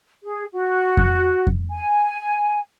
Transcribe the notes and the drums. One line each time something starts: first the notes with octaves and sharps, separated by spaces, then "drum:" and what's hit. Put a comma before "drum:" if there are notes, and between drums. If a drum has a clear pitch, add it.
G#4
F#4
drum: kick F2
drum: kick F2
G#5